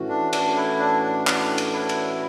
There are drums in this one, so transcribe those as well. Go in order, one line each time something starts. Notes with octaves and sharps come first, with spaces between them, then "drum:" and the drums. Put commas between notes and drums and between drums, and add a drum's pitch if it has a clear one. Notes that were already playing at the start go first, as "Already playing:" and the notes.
Already playing: A2 E3 A3 C#4 F#4
D4
D4, drum: cymbal
E4
D4
D4
D4, drum: clap
drum: cymbal
E4
drum: cymbal